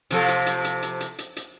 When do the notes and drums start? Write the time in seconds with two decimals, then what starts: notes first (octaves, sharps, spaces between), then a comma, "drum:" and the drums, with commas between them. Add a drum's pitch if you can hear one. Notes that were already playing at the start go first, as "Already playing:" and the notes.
0.11 C3 F3 A4, drum: hi-hat
0.29 drum: hi-hat
0.47 drum: hi-hat
0.65 drum: hi-hat
0.83 drum: hi-hat
1.01 drum: hi-hat
1.19 drum: hi-hat
1.37 drum: hi-hat